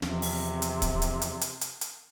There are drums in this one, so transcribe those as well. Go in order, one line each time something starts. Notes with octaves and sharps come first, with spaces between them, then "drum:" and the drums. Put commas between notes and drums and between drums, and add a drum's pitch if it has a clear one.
E2 C3 F3, drum: snare
drum: open hi-hat
drum: hi-hat
drum: kick, hi-hat
drum: hi-hat
drum: hi-hat
drum: hi-hat
drum: hi-hat
drum: hi-hat